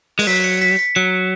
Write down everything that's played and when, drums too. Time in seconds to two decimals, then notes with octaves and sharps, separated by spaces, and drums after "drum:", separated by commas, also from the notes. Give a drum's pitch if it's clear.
0.19 G#3, drum: open hi-hat
0.27 F#3 B6
0.44 C#7
0.61 B6
0.79 B6
0.96 F#3 C#7